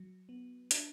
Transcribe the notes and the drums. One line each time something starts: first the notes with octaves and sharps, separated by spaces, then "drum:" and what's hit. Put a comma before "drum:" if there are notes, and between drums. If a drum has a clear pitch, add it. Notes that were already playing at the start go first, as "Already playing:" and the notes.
Already playing: F#3
B3
D4, drum: hi-hat